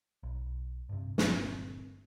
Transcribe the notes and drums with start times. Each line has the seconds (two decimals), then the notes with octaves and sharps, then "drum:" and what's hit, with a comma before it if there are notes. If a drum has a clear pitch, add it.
0.23 B1
0.89 G2 C3
1.18 G1 G2 A#2 C4, drum: snare